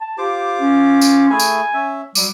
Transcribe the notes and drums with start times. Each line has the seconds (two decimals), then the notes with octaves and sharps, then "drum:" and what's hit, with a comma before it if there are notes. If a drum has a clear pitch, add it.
0.01 A5
0.18 F4 G4 C5 D6
0.60 C#4
1.01 drum: tambourine
1.30 A3 E4 G#4 G#5
1.39 drum: tambourine
1.74 C#4 E5
2.15 F#3 G3 D6, drum: tambourine